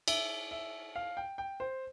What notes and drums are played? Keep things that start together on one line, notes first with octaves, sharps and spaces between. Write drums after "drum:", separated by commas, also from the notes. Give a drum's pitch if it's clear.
E5, drum: cymbal
E5
F5
G5
G5
C5